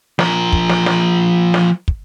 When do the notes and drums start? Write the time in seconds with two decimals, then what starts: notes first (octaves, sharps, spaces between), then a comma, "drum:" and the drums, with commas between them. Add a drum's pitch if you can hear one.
0.19 F3 A#4, drum: snare
0.53 drum: kick
0.69 drum: snare
0.86 drum: snare
1.54 drum: snare
1.88 drum: kick